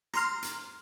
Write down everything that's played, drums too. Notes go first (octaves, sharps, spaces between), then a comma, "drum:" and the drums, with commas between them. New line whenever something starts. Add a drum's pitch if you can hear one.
A#5 C6 F6, drum: rim click
drum: hi-hat